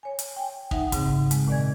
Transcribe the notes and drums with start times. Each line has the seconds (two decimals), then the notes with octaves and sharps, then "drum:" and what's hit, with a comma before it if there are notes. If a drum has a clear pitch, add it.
0.03 C#5 G#5
0.19 drum: hi-hat
0.36 G5 G#5
0.71 D#4 E5 F#5, drum: kick
0.92 G#2 C#3 C4, drum: kick, hi-hat
1.31 G#3, drum: hi-hat
1.48 A#2 D#3 D5 G#5 G#6